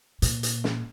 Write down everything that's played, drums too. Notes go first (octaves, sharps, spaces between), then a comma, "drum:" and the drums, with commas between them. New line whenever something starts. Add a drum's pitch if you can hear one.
A#2, drum: hi-hat
drum: hi-hat
drum: snare